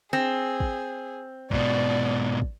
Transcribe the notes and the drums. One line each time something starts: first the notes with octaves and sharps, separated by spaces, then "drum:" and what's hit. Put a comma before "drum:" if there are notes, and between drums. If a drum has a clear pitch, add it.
C4 G#4
drum: kick
G#2 B2 D5, drum: kick
drum: kick